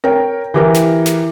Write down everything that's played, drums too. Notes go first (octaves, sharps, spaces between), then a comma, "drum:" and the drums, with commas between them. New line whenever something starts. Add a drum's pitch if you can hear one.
A#4 C#5 G5, drum: tom C4
E3 G4 A#4
drum: snare
drum: snare